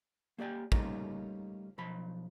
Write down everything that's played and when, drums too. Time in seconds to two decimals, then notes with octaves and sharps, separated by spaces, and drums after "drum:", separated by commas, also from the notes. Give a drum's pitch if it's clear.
0.38 A#3 G4 D5 G5 G#5
0.72 G3 A3 A#3 C#4 D#4 F4, drum: kick
1.78 B1 F3 B5